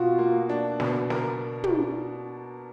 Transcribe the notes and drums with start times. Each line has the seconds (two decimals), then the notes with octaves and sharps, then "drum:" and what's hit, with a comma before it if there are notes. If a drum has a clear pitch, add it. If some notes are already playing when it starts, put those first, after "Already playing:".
Already playing: B2 F4 F#4
0.18 A#3
0.49 D4
0.80 B2, drum: snare
1.10 A#4, drum: snare
1.64 drum: tom